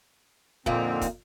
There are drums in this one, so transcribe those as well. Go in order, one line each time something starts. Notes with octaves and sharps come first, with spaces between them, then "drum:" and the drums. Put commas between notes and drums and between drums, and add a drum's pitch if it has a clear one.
F2 A#2 D3 A#3 C4 D#4, drum: kick
drum: kick, hi-hat